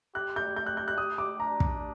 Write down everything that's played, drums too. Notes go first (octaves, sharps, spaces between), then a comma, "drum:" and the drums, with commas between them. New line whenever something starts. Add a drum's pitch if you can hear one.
G4 F#6
G6
G4 G6
F#6
G6
F#6
D#6
D6
D4 A#5
drum: kick